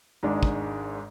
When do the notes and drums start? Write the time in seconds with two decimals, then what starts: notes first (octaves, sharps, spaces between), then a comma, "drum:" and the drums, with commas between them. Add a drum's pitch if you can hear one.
0.23 G#1 G#2 G#3 D4
0.43 drum: kick